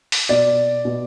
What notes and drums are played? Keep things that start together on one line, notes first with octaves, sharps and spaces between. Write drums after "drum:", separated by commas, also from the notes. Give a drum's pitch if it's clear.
drum: open hi-hat
B2 D5
B2